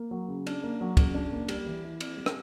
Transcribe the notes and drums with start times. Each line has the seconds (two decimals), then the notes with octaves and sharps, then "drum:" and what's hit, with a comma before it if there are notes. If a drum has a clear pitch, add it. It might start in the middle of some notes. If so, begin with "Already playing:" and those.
Already playing: A#3
0.11 F#3
0.28 C#3
0.47 D4, drum: cymbal
0.64 A#3
0.81 F#3
0.97 C#3, drum: kick, cymbal
1.14 D4
1.32 A#3
1.48 G3, drum: cymbal
1.66 E3
1.84 E4
2.00 C4, drum: cymbal
2.17 G3
2.26 drum: rim click